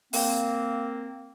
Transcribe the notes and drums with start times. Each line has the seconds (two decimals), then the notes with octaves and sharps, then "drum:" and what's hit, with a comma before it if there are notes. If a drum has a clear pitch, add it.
0.13 A#3 C4, drum: open hi-hat